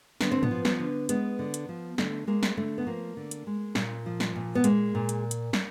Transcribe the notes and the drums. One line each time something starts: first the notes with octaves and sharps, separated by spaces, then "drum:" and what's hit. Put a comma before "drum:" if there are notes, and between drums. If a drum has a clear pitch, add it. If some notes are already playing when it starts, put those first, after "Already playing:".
D3 B3, drum: snare
C4
B3, drum: tom
F3
B3, drum: snare
D3
G#3 B3, drum: hi-hat
D3
drum: hi-hat
F3
D3 A3, drum: snare
G#3 A#3
drum: snare
D3 A3
B3
F3 A#3
D3
drum: hi-hat
G#3
A#2, drum: snare
F3
drum: snare
A#2
B3
G#3 A#3, drum: hi-hat
A#2
drum: hi-hat
drum: hi-hat
drum: snare